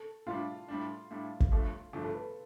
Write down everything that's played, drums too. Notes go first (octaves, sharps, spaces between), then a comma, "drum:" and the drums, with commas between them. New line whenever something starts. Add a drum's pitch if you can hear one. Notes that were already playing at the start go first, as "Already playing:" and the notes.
Already playing: A4
A2 G3 D4 F4
A2 G3 D4
A2 G3 D4
drum: kick
G1 G2 F3 A3
G1 G2 F3 A3 F4
A4
B4